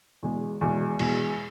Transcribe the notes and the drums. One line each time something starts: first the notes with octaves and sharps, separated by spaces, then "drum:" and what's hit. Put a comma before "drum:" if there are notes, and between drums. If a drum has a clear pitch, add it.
E2 B2 G#3
E2 B2 G#3
E2 B2 G#3, drum: cymbal